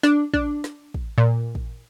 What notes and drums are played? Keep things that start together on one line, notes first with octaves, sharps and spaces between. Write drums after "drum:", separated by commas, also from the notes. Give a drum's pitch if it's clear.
D4, drum: snare
D4, drum: kick
drum: snare
drum: kick
A#2
drum: kick